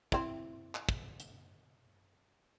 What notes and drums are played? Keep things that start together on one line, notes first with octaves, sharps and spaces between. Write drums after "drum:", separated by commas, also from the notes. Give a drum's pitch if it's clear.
C4 E4, drum: kick
drum: clap
drum: kick
drum: hi-hat